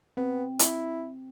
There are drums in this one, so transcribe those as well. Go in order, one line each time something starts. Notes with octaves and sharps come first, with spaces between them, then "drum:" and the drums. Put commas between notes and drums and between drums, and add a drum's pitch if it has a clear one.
B3 C4
E4, drum: hi-hat